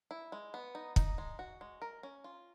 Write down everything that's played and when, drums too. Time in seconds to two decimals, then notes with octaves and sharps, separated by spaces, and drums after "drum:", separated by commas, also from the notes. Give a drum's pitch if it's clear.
0.11 E4
0.32 G#3
0.54 B3
0.75 D#4
0.96 D#4, drum: kick
1.18 G#3
1.39 F#4
1.61 G#3
1.82 A#4
2.03 C#4
2.24 F4